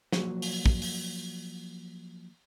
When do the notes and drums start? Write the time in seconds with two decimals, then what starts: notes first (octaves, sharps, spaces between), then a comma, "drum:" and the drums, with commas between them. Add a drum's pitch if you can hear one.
0.12 F3 F#3 A#3 F#4, drum: snare
0.42 drum: open hi-hat
0.66 drum: kick
0.82 drum: open hi-hat